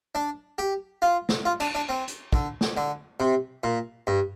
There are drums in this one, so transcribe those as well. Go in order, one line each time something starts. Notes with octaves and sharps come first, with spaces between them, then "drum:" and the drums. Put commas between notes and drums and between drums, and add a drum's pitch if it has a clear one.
D4
G4
F4
drum: snare
F4
D4, drum: cymbal
D4
C4
drum: hi-hat
D3, drum: kick
drum: snare
D3
C3
A#2
G2